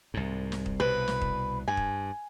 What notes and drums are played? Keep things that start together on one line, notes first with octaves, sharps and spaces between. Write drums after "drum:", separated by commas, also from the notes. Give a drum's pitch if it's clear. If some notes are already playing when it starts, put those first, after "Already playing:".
C2 G#2
drum: snare
drum: kick
C2 B2 B4
drum: snare
drum: kick
G2 G#5
drum: kick